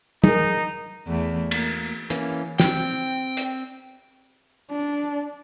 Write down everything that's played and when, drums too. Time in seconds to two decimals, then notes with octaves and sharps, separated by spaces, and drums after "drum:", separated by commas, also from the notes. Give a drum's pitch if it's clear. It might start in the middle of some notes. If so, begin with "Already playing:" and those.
0.24 D#4 G#4 A#4, drum: tom
1.07 E2 A3
1.51 A#3, drum: cymbal
2.10 E3 A#3 C#4, drum: hi-hat
2.60 C4 G5, drum: snare
3.37 drum: hi-hat
4.71 D4